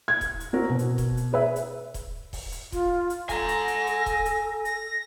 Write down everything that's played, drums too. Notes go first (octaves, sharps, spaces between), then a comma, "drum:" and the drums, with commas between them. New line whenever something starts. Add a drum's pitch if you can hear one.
G#6
drum: kick D#1, hi-hat
drum: hi-hat
C4 F#4 A#4
B2
drum: hi-hat
drum: kick D#1, hi-hat
drum: hi-hat
G#4 B4 E5
drum: hi-hat
drum: kick D#1, hi-hat
drum: kick D#1, open hi-hat
drum: hi-hat
F4, drum: kick D#1, hi-hat
drum: hi-hat
A4 G#5 A#5 A#6, drum: kick D#1, hi-hat
drum: hi-hat
drum: hi-hat
drum: hi-hat
drum: kick D#1, hi-hat
drum: hi-hat
A#6, drum: hi-hat